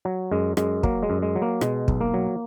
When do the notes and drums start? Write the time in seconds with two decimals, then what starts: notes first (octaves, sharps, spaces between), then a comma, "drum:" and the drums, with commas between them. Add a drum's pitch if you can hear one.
0.05 F#3
0.31 F#2 G#3
0.57 F#2 G#3, drum: rim click
0.83 F#3 A#3, drum: kick
1.03 G#3
1.10 F#2
1.22 G#3
1.36 F#3
1.42 A#3
1.61 B2 G#3, drum: rim click
1.88 B1, drum: kick
2.01 A#3
2.14 F#3